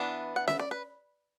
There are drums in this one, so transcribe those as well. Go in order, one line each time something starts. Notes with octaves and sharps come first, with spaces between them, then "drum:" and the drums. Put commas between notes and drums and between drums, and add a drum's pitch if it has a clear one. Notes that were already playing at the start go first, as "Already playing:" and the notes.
Already playing: E3 B3 D4 E5
F#5
E5, drum: snare C#4
D5
B4